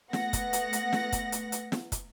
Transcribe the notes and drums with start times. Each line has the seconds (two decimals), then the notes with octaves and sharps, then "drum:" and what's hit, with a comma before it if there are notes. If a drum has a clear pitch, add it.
0.13 A3 B3 F#5 A#6, drum: snare
0.33 drum: kick, hi-hat
0.53 drum: hi-hat
0.73 drum: hi-hat
0.93 drum: snare
1.12 drum: kick, hi-hat
1.32 drum: hi-hat
1.52 drum: hi-hat
1.72 drum: snare
1.92 drum: kick, hi-hat